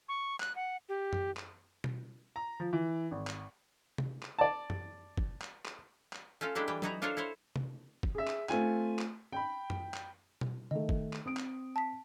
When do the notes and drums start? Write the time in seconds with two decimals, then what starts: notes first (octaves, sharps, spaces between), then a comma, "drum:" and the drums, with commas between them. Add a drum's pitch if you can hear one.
0.09 C#6
0.40 F#6, drum: clap
0.56 F#5
0.89 G4
1.13 drum: tom F#2
1.36 drum: clap
1.84 drum: tom B2
2.36 A#5
2.60 F3
2.73 E3
3.11 G#1
3.27 drum: clap
3.98 drum: tom C3
4.22 drum: clap
4.39 D5 A5
4.70 drum: tom F#2
5.17 drum: kick
5.41 drum: clap
5.65 drum: clap
6.13 drum: clap
6.41 A3 C#4 F4 A4
6.55 F#3 G#3 A3 D4 E4 G4
6.68 E3 G3 G5
6.82 E3 B3 D#4 E4 F#4 A#5, drum: tom F#3
7.02 D4 F4 A4 A#4 C5 C#5
7.17 E4 A4 C5 C#5
7.56 drum: tom C3
8.03 drum: kick
8.15 G#4 E5
8.27 drum: clap
8.49 A3 C4 F4 G#5, drum: clap
8.98 drum: clap
9.33 G5 B5
9.70 drum: tom F#2
9.94 drum: clap
10.41 drum: tom B2
10.71 D#3 A3 D#5
10.89 drum: kick
11.13 drum: clap
11.26 C4 D#6 D7
11.37 drum: clap
11.76 A5 B6